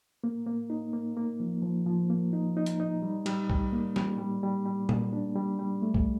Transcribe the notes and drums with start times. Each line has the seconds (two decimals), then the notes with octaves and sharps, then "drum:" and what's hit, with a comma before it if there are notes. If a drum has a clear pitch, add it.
0.24 A#3
0.46 A#3
0.70 D#4
0.93 A#3
1.17 A#3
1.40 F3
1.62 F3
1.86 F3
2.10 A#3
2.33 D#4
2.57 D#4
2.66 drum: hi-hat
2.80 D#4
3.02 G3
3.26 G3, drum: cymbal
3.50 G3, drum: kick C2
3.72 A#3
3.96 G3, drum: snare
4.19 G3
4.43 G3
4.66 G3
4.89 A#3, drum: tom A#2
5.13 D4
5.35 G3
5.59 G3
5.82 A3
5.94 drum: kick C2